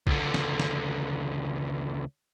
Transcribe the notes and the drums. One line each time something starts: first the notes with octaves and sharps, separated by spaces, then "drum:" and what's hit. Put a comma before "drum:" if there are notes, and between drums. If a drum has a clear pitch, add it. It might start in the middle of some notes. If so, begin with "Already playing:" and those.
C#2 D3, drum: kick
drum: snare
drum: snare